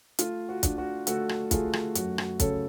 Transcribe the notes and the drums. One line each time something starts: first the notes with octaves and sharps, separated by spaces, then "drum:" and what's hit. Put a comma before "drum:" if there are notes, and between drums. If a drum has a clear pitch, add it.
A3 F4, drum: hi-hat
F#4
D4, drum: kick, hi-hat
F#4
A3 F#4 A4, drum: hi-hat
drum: rim click
A3 F4 G#4, drum: kick, hi-hat
drum: rim click
F#2 F#4, drum: hi-hat
F#4, drum: rim click
C#3 A4 C#5, drum: kick, hi-hat